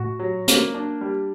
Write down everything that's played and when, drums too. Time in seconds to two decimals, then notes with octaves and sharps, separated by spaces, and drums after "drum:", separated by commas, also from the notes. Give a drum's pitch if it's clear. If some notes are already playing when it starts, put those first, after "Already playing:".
Already playing: A2 F#4
0.19 F#3
0.48 A#3, drum: hi-hat
0.74 D4
1.01 G3